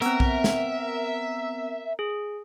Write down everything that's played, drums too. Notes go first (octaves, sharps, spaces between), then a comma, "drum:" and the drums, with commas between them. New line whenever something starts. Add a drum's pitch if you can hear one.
B3 C4 A#4 E5, drum: hi-hat
drum: kick B1
drum: snare
G#4